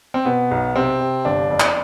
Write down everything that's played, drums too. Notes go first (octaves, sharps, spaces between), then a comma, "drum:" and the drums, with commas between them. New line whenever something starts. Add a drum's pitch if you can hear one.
C4
B2 B3
B1
C3 C4
C3
G1 D4
F2
drum: clap